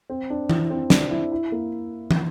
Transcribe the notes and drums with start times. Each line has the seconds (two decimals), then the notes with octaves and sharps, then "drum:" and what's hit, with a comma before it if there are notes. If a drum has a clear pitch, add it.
0.10 C4
0.30 D4
0.50 E4, drum: tom E3
0.70 C4
0.90 D4, drum: snare
1.11 E4
1.32 E4
1.52 A#3
2.11 drum: tom